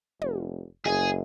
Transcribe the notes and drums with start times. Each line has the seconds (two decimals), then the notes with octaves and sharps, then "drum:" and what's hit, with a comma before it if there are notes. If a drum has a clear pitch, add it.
0.21 F1, drum: tom
0.86 F#1 G#4